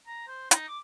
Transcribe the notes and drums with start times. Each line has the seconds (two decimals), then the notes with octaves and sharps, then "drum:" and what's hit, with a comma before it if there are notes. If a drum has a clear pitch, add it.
0.07 A#5
0.28 C5
0.51 D#4, drum: hi-hat
0.68 D6